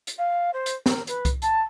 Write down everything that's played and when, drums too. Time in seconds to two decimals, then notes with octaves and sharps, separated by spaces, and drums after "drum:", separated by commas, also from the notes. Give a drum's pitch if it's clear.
0.07 drum: hi-hat
0.18 F5
0.53 C5
0.66 drum: hi-hat
0.86 A#4, drum: snare
1.07 B4, drum: hi-hat
1.25 drum: kick C2, hi-hat
1.42 A5, drum: hi-hat